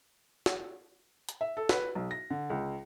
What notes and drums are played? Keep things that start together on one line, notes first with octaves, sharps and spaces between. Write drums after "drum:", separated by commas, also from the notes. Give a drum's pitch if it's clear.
drum: snare
drum: hi-hat
E5
A4
B4, drum: snare
B1
A#6
D3
C#2